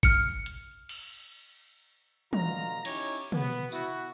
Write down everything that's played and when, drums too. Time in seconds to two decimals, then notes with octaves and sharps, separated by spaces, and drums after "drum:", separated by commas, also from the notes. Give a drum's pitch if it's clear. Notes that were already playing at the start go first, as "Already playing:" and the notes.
0.03 F6 C#7, drum: kick
0.46 drum: hi-hat
0.89 drum: cymbal
2.33 B2 D3 F4 A#5, drum: tom
2.85 C#4 D#4 E4 G4 C#5, drum: cymbal
3.32 B3, drum: tom
3.72 E4 F#4, drum: tambourine